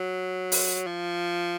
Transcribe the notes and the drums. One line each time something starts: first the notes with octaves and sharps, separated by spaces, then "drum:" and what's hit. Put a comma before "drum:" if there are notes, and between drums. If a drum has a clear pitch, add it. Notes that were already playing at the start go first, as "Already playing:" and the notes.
Already playing: F#3
drum: open hi-hat
F3